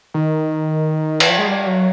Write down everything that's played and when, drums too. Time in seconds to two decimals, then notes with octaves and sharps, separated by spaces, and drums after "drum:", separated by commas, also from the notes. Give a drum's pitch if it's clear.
0.14 D#3
1.20 E3, drum: cymbal
1.29 F3
1.38 G#3
1.47 G3
1.66 F#3